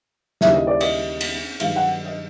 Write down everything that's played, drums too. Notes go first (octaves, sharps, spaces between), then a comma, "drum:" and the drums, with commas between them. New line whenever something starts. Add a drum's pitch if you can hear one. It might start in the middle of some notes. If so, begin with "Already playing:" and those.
D#2 C#3 E3 G3 E5, drum: snare
D#5
D5
D#5, drum: cymbal
drum: cymbal
G2 D#3 F#3 F5, drum: cymbal
F#5
D#5